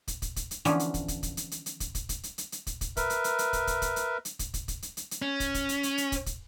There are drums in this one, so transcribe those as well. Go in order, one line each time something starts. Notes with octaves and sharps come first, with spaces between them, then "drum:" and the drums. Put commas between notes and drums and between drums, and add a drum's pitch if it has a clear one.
drum: kick, hi-hat
drum: kick, hi-hat
drum: kick, hi-hat
drum: hi-hat
D3 E3 F3 B3 C#4, drum: hi-hat
drum: hi-hat
drum: kick, hi-hat
drum: kick, hi-hat
drum: kick, hi-hat
drum: hi-hat
drum: hi-hat
drum: hi-hat
drum: kick, hi-hat
drum: kick, hi-hat
drum: kick, hi-hat
drum: hi-hat
drum: hi-hat
drum: hi-hat
drum: kick, hi-hat
drum: kick, hi-hat
A#4 B4 E5, drum: kick, hi-hat
drum: hi-hat
drum: hi-hat
drum: hi-hat
drum: kick, hi-hat
drum: kick, hi-hat
drum: kick, hi-hat
drum: hi-hat
drum: hi-hat
drum: kick, hi-hat
drum: kick, hi-hat
drum: kick, hi-hat
drum: hi-hat
drum: hi-hat
drum: hi-hat
C#4
drum: kick, hi-hat
drum: kick, hi-hat
drum: hi-hat
drum: hi-hat
drum: hi-hat
drum: kick, hi-hat
drum: kick, hi-hat